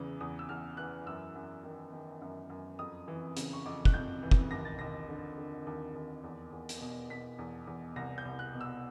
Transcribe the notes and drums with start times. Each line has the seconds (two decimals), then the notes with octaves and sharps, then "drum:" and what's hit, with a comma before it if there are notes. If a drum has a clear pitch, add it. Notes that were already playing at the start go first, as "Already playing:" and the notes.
Already playing: E2 C#3 E3
0.20 E2 D#6
0.39 E6
0.49 E2 F6
0.77 E3 F#6
1.06 F#2 E6
1.35 F#2
1.63 D#3
1.92 D#3
2.22 F#2
2.50 F#2
2.79 F2 D#6
3.08 E3
3.37 C#3, drum: hi-hat
3.53 C#6
3.66 F2 D6
3.85 F#6, drum: kick
3.94 F2 G6
4.22 E3
4.31 drum: kick
4.51 D#2 A#6
4.65 A6
4.79 D#2 A#6
5.08 D3
5.38 D3
5.67 D#2
5.95 D#2
6.24 E2
6.52 E2
6.69 drum: hi-hat
6.81 B2
7.10 B2 B6
7.39 E2
7.67 E2
7.96 C2 A#6
8.18 G6
8.25 C2
8.39 F#6
8.54 B2
8.61 E6